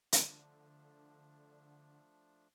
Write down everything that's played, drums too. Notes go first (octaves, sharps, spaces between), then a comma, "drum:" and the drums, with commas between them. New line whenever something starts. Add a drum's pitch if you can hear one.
D3 F3 A3 D4, drum: hi-hat